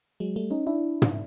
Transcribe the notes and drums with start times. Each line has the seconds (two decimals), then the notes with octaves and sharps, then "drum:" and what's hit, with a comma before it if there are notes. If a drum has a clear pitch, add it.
0.20 F#3 G#3
0.36 G3 A3
0.51 C#4 D#4
0.67 D4 E4
1.02 drum: tom